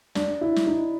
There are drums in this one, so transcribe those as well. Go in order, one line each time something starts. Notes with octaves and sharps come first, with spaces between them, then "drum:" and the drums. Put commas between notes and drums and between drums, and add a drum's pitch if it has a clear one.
D4, drum: snare
E4
drum: snare
D#4